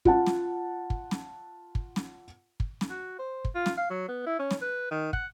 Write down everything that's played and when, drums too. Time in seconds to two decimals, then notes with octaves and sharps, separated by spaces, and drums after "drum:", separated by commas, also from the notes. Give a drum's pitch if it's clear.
0.05 F4 F#5 A5, drum: kick
0.26 drum: snare
0.90 drum: kick
1.11 drum: snare
1.75 drum: kick
1.96 drum: snare
2.60 drum: kick
2.81 drum: snare
2.90 F#4
3.19 C5
3.45 drum: kick
3.55 F4
3.66 drum: snare
3.77 F5
3.90 F#3
4.08 B3
4.26 E4
4.39 C#4
4.51 drum: snare
4.61 B4
4.91 D#3
5.13 F#5, drum: kick